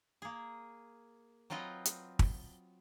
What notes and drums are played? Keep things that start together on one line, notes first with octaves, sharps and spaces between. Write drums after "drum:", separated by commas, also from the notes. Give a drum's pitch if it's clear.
A#3 G#4
F#3 C4 F4 B4 D#5
drum: hi-hat
drum: kick